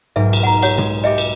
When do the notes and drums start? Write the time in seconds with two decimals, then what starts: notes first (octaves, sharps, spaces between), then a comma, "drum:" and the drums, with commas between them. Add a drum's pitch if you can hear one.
0.16 B1 G#2 A#4 E5
0.33 drum: cymbal
0.43 F#5 A#5
0.62 G4 C#5 F#5, drum: cymbal
0.78 G#3, drum: tom
1.04 G4 D#5 E5 C#7
1.18 drum: cymbal